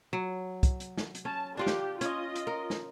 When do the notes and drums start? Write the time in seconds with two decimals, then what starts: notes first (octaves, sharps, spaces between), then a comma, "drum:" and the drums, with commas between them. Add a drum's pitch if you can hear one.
0.13 F#3
0.63 drum: kick, hi-hat
0.80 drum: hi-hat
0.98 drum: snare
1.15 drum: hi-hat
1.25 C#4 A5
1.57 D4 F4 G4 D5
1.67 drum: snare
2.01 C#4 F4 D#5, drum: hi-hat
2.36 drum: hi-hat
2.47 A#4
2.70 drum: snare